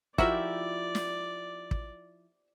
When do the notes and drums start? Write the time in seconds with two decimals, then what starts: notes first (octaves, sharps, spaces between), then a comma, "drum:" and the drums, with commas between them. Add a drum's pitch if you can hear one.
0.18 F3 D#4 E4 F#4 G4 A#4 D5 E5, drum: kick
0.95 drum: snare
1.71 drum: kick